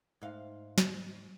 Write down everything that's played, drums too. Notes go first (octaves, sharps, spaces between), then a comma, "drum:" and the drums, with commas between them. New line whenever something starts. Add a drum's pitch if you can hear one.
G#2 F5
drum: snare